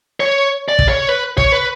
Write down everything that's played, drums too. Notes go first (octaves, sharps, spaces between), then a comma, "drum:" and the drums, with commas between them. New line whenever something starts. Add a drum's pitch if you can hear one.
C#5
D5
drum: kick
C#5
B4
C#5, drum: kick
B4